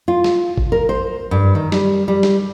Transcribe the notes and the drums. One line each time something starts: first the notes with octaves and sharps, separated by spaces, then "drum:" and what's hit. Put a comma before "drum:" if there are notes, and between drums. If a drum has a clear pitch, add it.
F4
drum: snare
drum: kick G#1
A#4
C5
G2
D#3
G3, drum: snare
G3
drum: snare